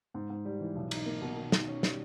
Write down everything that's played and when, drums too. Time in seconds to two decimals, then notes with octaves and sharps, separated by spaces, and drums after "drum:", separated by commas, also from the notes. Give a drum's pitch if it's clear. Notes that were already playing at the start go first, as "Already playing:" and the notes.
0.14 G#2
0.30 G#2
0.45 G3
0.60 E3
0.75 B1
0.91 D#4, drum: cymbal
1.06 A#3
1.22 B2
1.37 D#3
1.52 D#3, drum: snare
1.68 C#4
1.83 G3, drum: snare